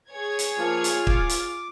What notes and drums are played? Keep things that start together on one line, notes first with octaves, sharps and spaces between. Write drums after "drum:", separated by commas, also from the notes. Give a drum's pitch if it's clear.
G#4 C#5 G#6
drum: hi-hat
F3 A#3 F4
drum: hi-hat
D6, drum: kick
drum: hi-hat